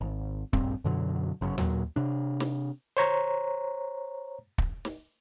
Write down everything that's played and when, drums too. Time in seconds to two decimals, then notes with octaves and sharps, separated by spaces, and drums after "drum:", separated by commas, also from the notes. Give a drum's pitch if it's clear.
0.01 G#1
0.53 A#1 G2 C4, drum: kick
0.84 F#2 B2 D3 F#3
1.41 G1 F#2 C#3
1.58 A#2 F#3, drum: tom D#2
1.96 C3 D4
2.40 drum: snare
2.97 C5 C#5 A#5
4.58 drum: kick
4.85 drum: snare